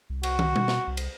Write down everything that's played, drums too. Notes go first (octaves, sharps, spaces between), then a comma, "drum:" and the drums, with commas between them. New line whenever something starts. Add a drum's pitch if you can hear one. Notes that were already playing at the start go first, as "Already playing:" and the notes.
C2
F#4, drum: cymbal
drum: tom
B2, drum: tom G3
drum: snare
C2
drum: cymbal